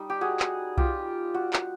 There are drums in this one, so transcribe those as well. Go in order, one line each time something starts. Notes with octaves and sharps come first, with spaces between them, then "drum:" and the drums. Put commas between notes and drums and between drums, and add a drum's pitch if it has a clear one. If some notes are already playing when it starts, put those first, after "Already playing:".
Already playing: G3 D#4
G4
F#4 G#4
drum: clap
F4 G4, drum: kick B1
F#4
drum: clap